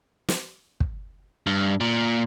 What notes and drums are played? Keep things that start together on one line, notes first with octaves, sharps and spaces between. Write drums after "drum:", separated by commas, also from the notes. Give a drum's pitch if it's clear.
drum: snare
drum: kick
G2
A#2